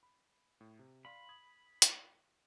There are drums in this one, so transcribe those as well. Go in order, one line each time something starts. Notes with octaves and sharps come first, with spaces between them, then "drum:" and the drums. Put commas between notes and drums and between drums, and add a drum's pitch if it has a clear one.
B5
A2
C3
D5 F5 B5 C6
D#6 G#6
drum: hi-hat